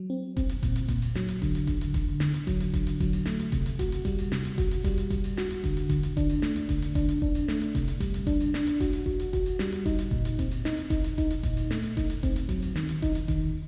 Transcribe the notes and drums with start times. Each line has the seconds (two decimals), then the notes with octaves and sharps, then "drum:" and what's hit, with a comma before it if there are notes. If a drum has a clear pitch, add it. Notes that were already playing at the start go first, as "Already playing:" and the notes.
Already playing: F#3
0.10 C4
0.37 C4, drum: kick F1, hi-hat
0.49 drum: hi-hat
0.63 A#2, drum: kick F1, hi-hat
0.76 drum: hi-hat
0.88 A#2, drum: kick F1, hi-hat
1.02 drum: open hi-hat
1.15 F#3, drum: snare
1.28 drum: hi-hat
1.42 D3, drum: kick F1, hi-hat
1.55 drum: hi-hat
1.67 D3, drum: kick F1, hi-hat
1.81 drum: hi-hat
1.94 D3, drum: kick F1, hi-hat
2.20 D3, drum: snare
2.34 drum: hi-hat
2.47 F#3, drum: kick F1, hi-hat
2.60 drum: hi-hat
2.74 D3, drum: kick F1, hi-hat
2.87 drum: hi-hat
3.00 F#3, drum: kick F1, hi-hat
3.13 drum: open hi-hat
3.26 A3, drum: snare
3.39 drum: hi-hat
3.52 C3, drum: kick F1, hi-hat
3.66 drum: hi-hat
3.79 F#4, drum: kick F1, hi-hat
3.92 drum: hi-hat
4.05 G3, drum: kick F1, hi-hat
4.18 drum: open hi-hat
4.32 C3, drum: snare
4.45 drum: hi-hat
4.58 F#4, drum: kick F1, hi-hat
4.71 drum: hi-hat
4.84 G3, drum: kick F1, hi-hat
4.98 drum: hi-hat
5.10 G3, drum: kick F1, hi-hat
5.24 drum: open hi-hat
5.37 F#4, drum: snare
5.50 drum: hi-hat
5.64 D3, drum: kick F1, hi-hat
5.77 drum: hi-hat
5.89 D3, drum: kick F1, hi-hat
6.03 drum: hi-hat
6.17 D4, drum: kick F1, hi-hat
6.29 drum: open hi-hat
6.42 A3, drum: snare
6.56 drum: hi-hat
6.69 D3, drum: kick F1, hi-hat
6.82 drum: hi-hat
6.95 D4, drum: kick F1, hi-hat
7.09 drum: hi-hat
7.22 D4, drum: kick F1
7.35 drum: open hi-hat
7.48 A3, drum: snare
7.61 drum: hi-hat
7.75 C3, drum: kick F1, hi-hat
7.88 drum: hi-hat
8.00 G3, drum: kick F1, hi-hat
8.14 drum: hi-hat
8.27 D4, drum: kick F1, hi-hat
8.40 drum: open hi-hat
8.54 D4, drum: snare
8.67 drum: hi-hat
8.80 F#4, drum: kick F1, hi-hat
8.93 drum: hi-hat
9.06 F#4, drum: kick F1
9.19 drum: hi-hat
9.33 F#4, drum: kick F1, hi-hat
9.46 drum: open hi-hat
9.59 G3, drum: snare
9.72 drum: hi-hat
9.86 D#4, drum: kick F1, hi-hat
9.99 drum: hi-hat
10.11 A#2, drum: kick F1
10.25 drum: hi-hat
10.39 C4, drum: kick F1, hi-hat
10.51 drum: open hi-hat
10.65 D#4, drum: snare
10.78 drum: hi-hat
10.90 D#4, drum: kick F1, hi-hat
11.04 drum: hi-hat
11.18 D#4, drum: kick F1, hi-hat
11.30 drum: hi-hat
11.43 A#2, drum: kick F1, hi-hat
11.57 drum: open hi-hat
11.71 A3, drum: snare
11.83 drum: hi-hat
11.97 D#4, drum: kick F1, hi-hat
12.10 drum: hi-hat
12.23 C4, drum: kick F1, hi-hat
12.36 drum: hi-hat
12.49 F#3, drum: kick F1, hi-hat
12.62 drum: open hi-hat
12.76 D#3, drum: snare
12.89 drum: hi-hat
13.02 D#4, drum: kick F1, hi-hat
13.15 drum: hi-hat
13.28 D#3, drum: kick F1, hi-hat